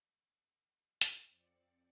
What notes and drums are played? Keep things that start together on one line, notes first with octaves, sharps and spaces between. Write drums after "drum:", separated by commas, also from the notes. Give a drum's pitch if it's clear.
drum: hi-hat
F2 C4 D5 C#7